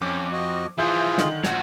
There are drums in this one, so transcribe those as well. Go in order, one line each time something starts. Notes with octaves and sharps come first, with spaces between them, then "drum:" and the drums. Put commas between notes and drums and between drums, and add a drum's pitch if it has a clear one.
F2 C#4 D6
F#4 D#5
E3 F3 F4 G#4 E5 G6
D3 D#3, drum: snare
A#1 F3 F#4 G#6, drum: snare